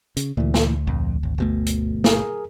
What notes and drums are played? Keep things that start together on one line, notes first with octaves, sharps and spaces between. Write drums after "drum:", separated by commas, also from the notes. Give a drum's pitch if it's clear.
C#3, drum: hi-hat
D2 A#2 E3
drum: snare
A#1 F2
G#1
G1 B2 A3
drum: hi-hat
G#4 A#4, drum: snare